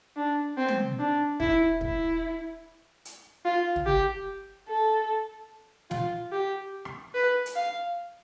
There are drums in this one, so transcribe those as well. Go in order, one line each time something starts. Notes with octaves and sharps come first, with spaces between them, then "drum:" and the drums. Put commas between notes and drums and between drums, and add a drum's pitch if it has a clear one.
D4
C4
drum: tom
D4
E4, drum: kick
E4, drum: kick
drum: hi-hat
F4
drum: tom
G4
A4
F4, drum: snare
G4
drum: rim click
B4
drum: hi-hat
F5